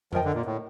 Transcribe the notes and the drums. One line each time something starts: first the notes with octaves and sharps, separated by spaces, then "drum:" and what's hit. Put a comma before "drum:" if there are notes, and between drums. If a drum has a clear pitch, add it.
F3 A#4 D#5 G5, drum: tom F2
D3
A#2
A2